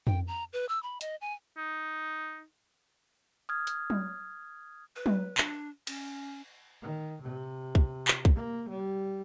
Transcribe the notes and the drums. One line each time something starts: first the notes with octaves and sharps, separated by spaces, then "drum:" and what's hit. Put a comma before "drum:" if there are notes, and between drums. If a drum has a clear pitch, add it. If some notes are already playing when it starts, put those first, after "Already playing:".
G5, drum: tom F2
A#5
B4
E6
B5
D#5, drum: hi-hat
G#5
D#4
D#6 F6 G#6
drum: hi-hat
drum: tom F#3
B4
drum: tom F#3
D4, drum: clap
C#4, drum: cymbal
D#3
C3
drum: kick
drum: clap
drum: kick
A#3
G3